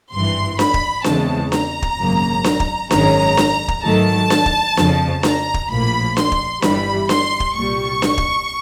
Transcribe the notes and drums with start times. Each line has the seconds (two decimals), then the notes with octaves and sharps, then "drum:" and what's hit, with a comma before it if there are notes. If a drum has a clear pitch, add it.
0.12 G#1 G2 E3 C6
0.59 B5, drum: snare D4
0.74 drum: kick
1.04 E2 C#3 E3 G#3 C4 A5, drum: snare D4
1.52 A#5, drum: snare D4
1.82 drum: kick
1.99 G#1 F#2 C#3 F#3 A#3
2.44 drum: snare D4
2.60 drum: kick
2.91 G#1 F#2 D#3 G#3 C#4 A#5, drum: snare D4
3.37 drum: snare D4
3.68 drum: kick
3.83 G#2 D#3 F#3 A3 A5
4.30 drum: snare D4
4.46 drum: kick
4.77 F2 C#3 F3, drum: snare D4
5.23 A#5, drum: snare D4
5.54 drum: kick
5.69 A#1 A2 F3 A#3 B5
6.17 C6, drum: snare D4
6.32 drum: kick
6.62 G1 G2 E3 G3 B5, drum: snare D4
7.09 C6, drum: snare D4
7.40 drum: kick
7.55 C2 A#2 G3 C#6
8.02 drum: snare D4
8.18 drum: kick